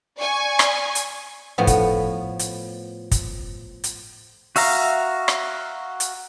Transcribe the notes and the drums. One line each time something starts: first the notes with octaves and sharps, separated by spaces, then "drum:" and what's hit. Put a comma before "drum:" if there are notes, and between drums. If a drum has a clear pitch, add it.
D5 G#5 C#6
drum: rim click
drum: hi-hat
A2 F3 B3
drum: kick, hi-hat
drum: hi-hat
drum: kick, hi-hat
drum: hi-hat
F#4 E5 F5 A#5, drum: open hi-hat
drum: rim click
drum: hi-hat